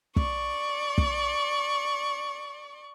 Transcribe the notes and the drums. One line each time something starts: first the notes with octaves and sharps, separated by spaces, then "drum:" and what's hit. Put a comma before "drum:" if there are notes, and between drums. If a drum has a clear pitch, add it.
D5 C#6, drum: kick
drum: kick